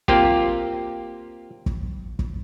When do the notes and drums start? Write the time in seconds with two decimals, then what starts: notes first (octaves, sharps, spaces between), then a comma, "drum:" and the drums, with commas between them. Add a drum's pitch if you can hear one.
0.08 A#3 C4 F4 G4, drum: kick
1.66 drum: kick
2.19 drum: kick